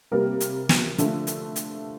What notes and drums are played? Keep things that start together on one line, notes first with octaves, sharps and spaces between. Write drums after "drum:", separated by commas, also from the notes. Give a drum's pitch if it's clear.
C3 G3 A#3 A#4
drum: hi-hat
drum: snare
D3 F3 A3, drum: hi-hat
drum: hi-hat
drum: hi-hat